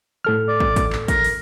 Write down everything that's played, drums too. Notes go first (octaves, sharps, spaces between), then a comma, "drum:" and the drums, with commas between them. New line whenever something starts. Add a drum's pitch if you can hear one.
A2 A4 F6
D5
drum: kick
drum: kick, hi-hat
drum: clap
A#4, drum: kick, hi-hat
drum: open hi-hat